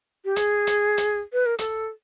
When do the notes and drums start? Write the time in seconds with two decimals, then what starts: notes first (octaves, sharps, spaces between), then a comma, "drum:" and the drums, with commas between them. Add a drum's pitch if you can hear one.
0.25 G4
0.36 G#4, drum: hi-hat
0.67 drum: hi-hat
0.97 drum: hi-hat
1.33 B4
1.46 A#4
1.59 A4, drum: hi-hat